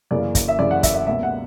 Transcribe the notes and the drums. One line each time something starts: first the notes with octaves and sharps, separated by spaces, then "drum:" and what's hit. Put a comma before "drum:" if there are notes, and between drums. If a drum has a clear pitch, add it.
F#2 C#3 E3 A#3 D5
drum: kick, hi-hat
E5
F#2 C#3 E3 A#3 D5
F#5
E5, drum: kick, hi-hat
E5
C#2 B2 A#3 E5
F#5